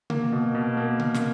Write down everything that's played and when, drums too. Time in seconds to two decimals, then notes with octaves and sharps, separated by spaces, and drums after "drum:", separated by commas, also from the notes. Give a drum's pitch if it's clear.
0.10 A#3, drum: tom C3
0.32 B2
0.55 B2
0.77 A#3
1.00 drum: tom C3
1.14 drum: snare